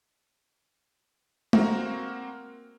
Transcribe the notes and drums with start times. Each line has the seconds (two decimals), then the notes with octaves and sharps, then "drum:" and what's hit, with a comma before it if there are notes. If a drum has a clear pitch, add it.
1.53 A#3 C4 F#4 A#4, drum: tom G#3